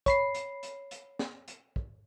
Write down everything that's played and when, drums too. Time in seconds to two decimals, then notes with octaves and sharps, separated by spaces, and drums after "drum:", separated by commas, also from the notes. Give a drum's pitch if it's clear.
0.06 C#5 B5 C7, drum: kick, hi-hat
0.35 drum: hi-hat
0.63 drum: hi-hat
0.91 drum: hi-hat
1.19 drum: snare
1.48 drum: hi-hat
1.76 drum: kick